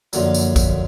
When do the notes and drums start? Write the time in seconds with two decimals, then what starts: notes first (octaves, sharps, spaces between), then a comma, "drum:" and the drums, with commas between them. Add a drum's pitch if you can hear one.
0.13 F#2 D3 F3 A#3, drum: tambourine
0.34 drum: tambourine
0.56 drum: kick, tambourine